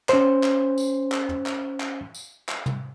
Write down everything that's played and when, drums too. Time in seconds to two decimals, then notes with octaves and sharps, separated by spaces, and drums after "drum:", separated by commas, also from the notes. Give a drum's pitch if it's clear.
0.09 C#4 C5, drum: clap
0.43 drum: clap
0.78 drum: tambourine
1.12 drum: clap
1.29 drum: tom
1.46 drum: clap
1.80 drum: clap
2.15 drum: tambourine
2.49 drum: clap
2.66 drum: tom